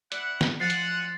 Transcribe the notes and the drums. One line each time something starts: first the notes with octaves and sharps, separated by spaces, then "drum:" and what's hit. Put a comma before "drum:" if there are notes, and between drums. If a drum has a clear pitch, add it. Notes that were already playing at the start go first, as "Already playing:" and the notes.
E4 D5 F#5, drum: hi-hat
drum: snare
F3 G#3 F#5 A6 C7
drum: hi-hat